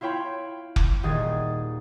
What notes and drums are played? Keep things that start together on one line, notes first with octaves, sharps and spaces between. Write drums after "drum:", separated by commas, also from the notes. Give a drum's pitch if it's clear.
E4 F4 C#5 G5 B5
drum: kick F1
D#1 D#3 G#4 G#6 A6